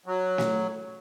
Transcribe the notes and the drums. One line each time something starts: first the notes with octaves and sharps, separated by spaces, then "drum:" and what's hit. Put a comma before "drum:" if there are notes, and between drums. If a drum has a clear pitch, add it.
F#3
drum: snare